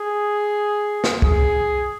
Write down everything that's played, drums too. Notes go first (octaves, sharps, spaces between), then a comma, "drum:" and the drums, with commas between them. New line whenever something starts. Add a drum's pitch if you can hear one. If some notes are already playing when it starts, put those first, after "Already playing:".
Already playing: G#4
drum: snare
G#4, drum: kick